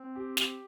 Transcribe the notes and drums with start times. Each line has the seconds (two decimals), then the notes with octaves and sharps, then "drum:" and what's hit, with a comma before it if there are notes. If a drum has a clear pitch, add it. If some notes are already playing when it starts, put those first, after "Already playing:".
Already playing: C4
0.15 G4
0.37 G4, drum: snare